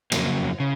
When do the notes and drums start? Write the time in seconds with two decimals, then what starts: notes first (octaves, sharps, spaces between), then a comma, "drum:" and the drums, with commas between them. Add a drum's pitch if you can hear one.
0.12 F2 C#3 F#3 A#3, drum: cymbal
0.60 C#3